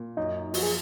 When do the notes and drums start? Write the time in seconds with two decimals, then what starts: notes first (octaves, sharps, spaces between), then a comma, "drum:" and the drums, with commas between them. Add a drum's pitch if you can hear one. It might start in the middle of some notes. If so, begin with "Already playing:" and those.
Already playing: A#2
0.17 F#2 D#4
0.54 F3 F#4, drum: open hi-hat
0.63 G#4